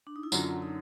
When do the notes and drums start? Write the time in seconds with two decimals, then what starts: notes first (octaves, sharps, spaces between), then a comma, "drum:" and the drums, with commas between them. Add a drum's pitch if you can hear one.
0.07 D4
0.16 D#4
0.23 E4
0.32 F#2 D3 F#3 F4, drum: tambourine
0.62 D#4